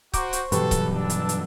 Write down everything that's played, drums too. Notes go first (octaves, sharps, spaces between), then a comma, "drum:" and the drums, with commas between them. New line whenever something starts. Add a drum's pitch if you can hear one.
F#4 C5 A#5 C#6 D6 G6, drum: kick C#1, hi-hat
drum: hi-hat
G2 B2 E3 F#3 G4 A4 B4, drum: hi-hat
drum: kick C#1, hi-hat
D4 A5 E6
drum: hi-hat
drum: hi-hat